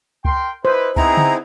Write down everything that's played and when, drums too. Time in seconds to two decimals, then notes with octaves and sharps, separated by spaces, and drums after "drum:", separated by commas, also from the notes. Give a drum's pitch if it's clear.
0.25 A#4 G5 C6, drum: kick
0.65 D#4 E4 B4 C5
0.96 B3 C4 D#4 E4 G#4 A#5, drum: kick
1.17 drum: tom C#3